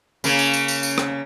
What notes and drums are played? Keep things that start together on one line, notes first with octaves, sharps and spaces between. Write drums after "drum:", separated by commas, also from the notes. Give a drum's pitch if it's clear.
C#3 A#3, drum: tambourine
drum: tambourine
drum: tambourine
drum: tambourine
drum: tambourine
drum: rim click